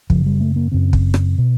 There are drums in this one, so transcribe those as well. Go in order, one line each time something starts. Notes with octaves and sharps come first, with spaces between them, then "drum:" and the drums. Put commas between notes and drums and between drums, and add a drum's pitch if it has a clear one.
F#2 C#3 F3, drum: kick
G3
A3
A#3
F#2 C#3 C4
drum: kick
drum: rim click
B2